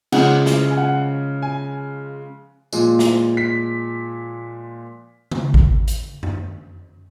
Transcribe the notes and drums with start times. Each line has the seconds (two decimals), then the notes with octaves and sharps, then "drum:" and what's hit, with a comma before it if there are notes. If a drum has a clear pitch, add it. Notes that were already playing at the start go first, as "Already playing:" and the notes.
0.12 C#3 F3 G#3 F#5, drum: cymbal
0.46 drum: snare
0.71 G#5
0.77 F#5
1.42 G#5
2.73 A#2 F3 G#3, drum: tambourine
2.99 drum: snare
3.37 B6
5.31 drum: tom C#3
5.54 drum: kick G#1
5.88 drum: hi-hat
6.23 drum: tom F#2